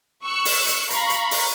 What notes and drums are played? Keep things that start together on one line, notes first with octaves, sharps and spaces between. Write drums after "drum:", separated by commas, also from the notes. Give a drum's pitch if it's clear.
C#6 E6 F#6 C#7
drum: open hi-hat
drum: hi-hat
F5 A#5 B5 C#6, drum: hi-hat
drum: hi-hat
drum: open hi-hat